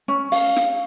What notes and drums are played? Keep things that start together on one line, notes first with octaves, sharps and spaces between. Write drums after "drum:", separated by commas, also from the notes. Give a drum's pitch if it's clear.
C#4
F5, drum: open hi-hat
drum: snare